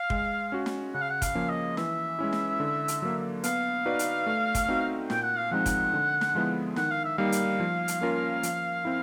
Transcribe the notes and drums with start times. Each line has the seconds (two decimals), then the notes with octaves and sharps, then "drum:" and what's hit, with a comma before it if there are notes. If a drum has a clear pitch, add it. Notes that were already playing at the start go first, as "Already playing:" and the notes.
Already playing: F5
0.10 G#3, drum: kick
0.52 C#4 F#4
0.66 drum: snare
0.94 C#3 F#5
1.01 F5
1.09 F#5
1.22 F5, drum: kick, hi-hat
1.35 F3 A#3 C#4
1.49 D#5
1.77 E3 E5, drum: snare
2.19 G#3 C#4 E4
2.33 drum: snare
2.60 D3
2.88 drum: hi-hat
3.02 F#3 A#3
3.44 B3 F5, drum: hi-hat
3.86 D#4 F#4 B4 D5
3.99 drum: hi-hat
4.26 A3
4.55 drum: kick, hi-hat
4.68 C4 D#4 F#4
5.10 A#2 G5, drum: snare
5.24 F#5
5.37 F5
5.51 F3 G#3 C4 D#4 F#5
5.66 drum: kick, hi-hat
5.93 D3
6.21 drum: snare
6.35 F3 G#3 B3 E4
6.76 D#3 F#5, drum: snare
6.91 F5
7.04 E5
7.18 G3 A#3 D#4 F5
7.32 drum: hi-hat
7.60 F3
7.88 drum: hi-hat
8.01 A#3 C#4 F4 A#4
8.43 F3, drum: hi-hat
8.85 C4 E4